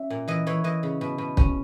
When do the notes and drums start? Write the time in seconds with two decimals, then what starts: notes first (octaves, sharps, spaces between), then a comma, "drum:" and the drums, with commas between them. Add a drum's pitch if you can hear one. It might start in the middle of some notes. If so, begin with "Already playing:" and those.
Already playing: C#4 E5
0.10 A#2
0.28 E3 D#5
0.47 E3 C#5
0.64 E3 D#5
0.83 C#3
1.01 B2
1.18 B2
1.37 C#4, drum: kick